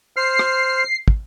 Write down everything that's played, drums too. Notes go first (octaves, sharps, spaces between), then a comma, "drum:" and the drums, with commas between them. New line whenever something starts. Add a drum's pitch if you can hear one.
C5 F6 C7
drum: rim click
drum: kick